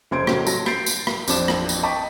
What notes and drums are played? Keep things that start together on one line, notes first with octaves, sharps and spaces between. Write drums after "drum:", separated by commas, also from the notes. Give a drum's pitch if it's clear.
F1 C#3 C5 C6 G#6 D7
A2 C#3 F#3, drum: rim click
F#3 A5 A#6, drum: tambourine
G6 A6 C7 D7, drum: rim click
drum: tambourine
drum: rim click
A1 F2 C4 D4 D6 E7, drum: tambourine
drum: rim click
drum: tambourine
D#5 G5 A5 C#6 D6 B6